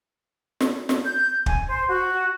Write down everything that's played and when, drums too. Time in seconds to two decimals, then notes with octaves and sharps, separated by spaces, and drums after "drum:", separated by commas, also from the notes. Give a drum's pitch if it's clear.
0.60 drum: snare
0.89 drum: snare
1.05 G6
1.46 G#5, drum: kick
1.68 C5
1.90 F#4